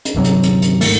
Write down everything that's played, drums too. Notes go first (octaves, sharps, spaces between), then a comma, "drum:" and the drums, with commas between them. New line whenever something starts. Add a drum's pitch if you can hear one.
drum: hi-hat
G1 D#2 C3 F#3
drum: hi-hat
drum: hi-hat
drum: hi-hat
G#2 D#3 A3, drum: open hi-hat